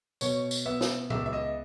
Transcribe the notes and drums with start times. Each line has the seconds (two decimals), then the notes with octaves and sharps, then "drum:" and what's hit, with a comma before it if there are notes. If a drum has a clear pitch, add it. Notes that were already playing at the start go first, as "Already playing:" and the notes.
0.21 B2 C#5, drum: tambourine
0.51 drum: tambourine
0.66 B3 E5
0.81 drum: snare
1.10 C#2 E5, drum: tom A#2
1.26 E5
1.33 D#5